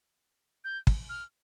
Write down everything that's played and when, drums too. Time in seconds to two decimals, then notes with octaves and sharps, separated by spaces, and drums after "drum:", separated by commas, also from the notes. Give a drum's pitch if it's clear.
0.64 G6
0.87 drum: kick
1.09 F6